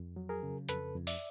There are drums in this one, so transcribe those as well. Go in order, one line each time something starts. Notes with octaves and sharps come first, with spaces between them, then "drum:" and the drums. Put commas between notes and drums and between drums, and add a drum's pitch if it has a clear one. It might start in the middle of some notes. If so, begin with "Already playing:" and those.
Already playing: F2
F#3
G#4 A#4
C#3
F2 A4 B4, drum: hi-hat
F2
D5 E5, drum: open hi-hat